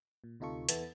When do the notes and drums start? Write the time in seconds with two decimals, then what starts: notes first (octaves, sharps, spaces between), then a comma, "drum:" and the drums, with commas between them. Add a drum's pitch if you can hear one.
0.24 A#2
0.40 D2 C3 D#4 F4 A4 C#6
0.69 E2 B3 E4 A4 A6, drum: hi-hat